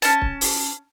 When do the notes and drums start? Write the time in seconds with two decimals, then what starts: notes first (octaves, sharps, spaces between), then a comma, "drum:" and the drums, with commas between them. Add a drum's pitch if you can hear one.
0.02 C#4 A5, drum: hi-hat
0.22 drum: kick C#1
0.41 drum: open hi-hat